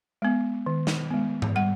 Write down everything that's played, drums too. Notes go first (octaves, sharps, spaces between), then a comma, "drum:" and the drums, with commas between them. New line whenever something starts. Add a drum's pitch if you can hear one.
G#3 B3
D#3
drum: snare
G#3 B3
drum: tom G#2
G3 F#5